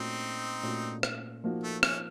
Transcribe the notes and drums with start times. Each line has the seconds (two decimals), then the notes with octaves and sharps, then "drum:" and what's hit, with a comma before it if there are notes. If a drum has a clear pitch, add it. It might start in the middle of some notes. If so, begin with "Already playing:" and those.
Already playing: A#2 A3 C4 C#4 D#4 F#4
0.63 A#2 A3 C#4 F#4
1.03 drum: rim click
1.44 F3 A#3 D#4 F#4
1.63 A3
1.83 C#4, drum: rim click